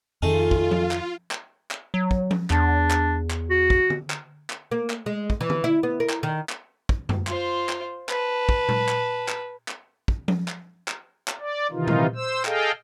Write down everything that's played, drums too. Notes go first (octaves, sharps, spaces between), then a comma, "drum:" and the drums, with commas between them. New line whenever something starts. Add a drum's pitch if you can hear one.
F2 D#3 A3 D#4 F4 G#4
drum: kick
drum: tom F3
drum: clap
drum: clap
drum: clap
F#3
drum: kick
drum: tom F3
E2 D4, drum: clap
drum: clap
drum: clap
F#4
drum: kick
drum: tom D3
drum: clap
drum: clap
A#3
drum: clap
G#3
drum: kick
E3
drum: tom D3
E4
B3
A#4
drum: clap
D#3
drum: clap
drum: kick
drum: tom F#2
F4 C5, drum: clap
drum: clap
B4 A5, drum: clap
drum: kick
drum: tom A#2
drum: clap
drum: clap
drum: clap
drum: kick
drum: tom F3
drum: clap
drum: clap
drum: clap
D5
C3 D#3 E3 D#4 F4
drum: tom A#2
C5 E6
G#4 A4 D#5 F5 G5, drum: clap